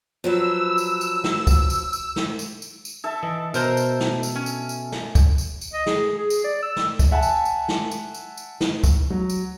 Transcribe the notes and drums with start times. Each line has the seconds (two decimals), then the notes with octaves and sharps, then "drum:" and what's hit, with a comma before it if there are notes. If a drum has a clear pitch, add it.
0.24 F3 F#3 B4 E6
0.78 drum: tambourine
1.01 drum: tambourine
1.24 drum: snare
1.47 drum: kick, tambourine
1.70 drum: tambourine
1.93 drum: tambourine
2.16 drum: snare
2.39 drum: tambourine
2.62 drum: tambourine
2.85 drum: tambourine
3.04 A4 E5 A5
3.23 E3 D#5
3.54 B2 A#4 C5 A#5, drum: tambourine
3.77 drum: tambourine
4.00 drum: snare
4.23 drum: tambourine
4.35 C#4
4.46 drum: tambourine
4.69 drum: tambourine
4.92 drum: snare
5.15 drum: kick, tambourine
5.38 drum: tambourine
5.61 drum: tambourine
5.74 D#5
5.86 G#4, drum: snare
6.16 G#4
6.30 drum: tambourine
6.44 D5
6.62 E6
6.76 drum: snare
6.99 drum: kick, tambourine
7.11 E5 F#5 G#5 A5
7.22 drum: tambourine
7.45 drum: tambourine
7.68 drum: snare
7.91 drum: tambourine
8.14 drum: tambourine
8.38 drum: tambourine
8.61 drum: snare
8.84 drum: kick, tambourine
9.10 F#3
9.30 drum: tambourine